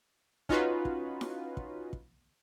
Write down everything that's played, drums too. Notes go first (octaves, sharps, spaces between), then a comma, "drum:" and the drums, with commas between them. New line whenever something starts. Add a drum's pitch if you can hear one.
C#4 D#4 F4 F#4 B4, drum: kick
drum: kick
drum: snare E4
drum: kick
drum: kick